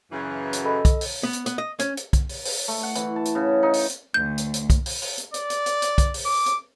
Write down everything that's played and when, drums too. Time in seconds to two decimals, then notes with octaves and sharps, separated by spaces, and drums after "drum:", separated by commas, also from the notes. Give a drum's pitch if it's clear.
0.12 F#2 C#3 E3
0.53 drum: hi-hat
0.65 A4 D#5 B5
0.85 drum: kick, hi-hat
1.01 drum: open hi-hat
1.23 B3
1.33 drum: hi-hat
1.46 B3, drum: hi-hat
1.58 D#5
1.79 C#4, drum: hi-hat
1.97 drum: hi-hat
2.13 drum: kick, hi-hat
2.29 drum: open hi-hat
2.45 drum: open hi-hat
2.68 A3
2.83 F#5
2.95 E3, drum: hi-hat
3.16 A5
3.25 drum: hi-hat
3.35 C#3
3.63 D#4
3.73 drum: open hi-hat
3.90 drum: hi-hat
4.14 D2 G6
4.38 drum: hi-hat
4.54 drum: hi-hat
4.70 drum: kick, hi-hat
4.86 drum: open hi-hat
5.02 drum: open hi-hat
5.18 drum: hi-hat
5.34 D5, drum: hi-hat
5.50 drum: hi-hat
5.66 drum: hi-hat
5.82 drum: hi-hat
5.98 drum: kick, hi-hat
6.14 drum: open hi-hat
6.26 D6
6.46 drum: hi-hat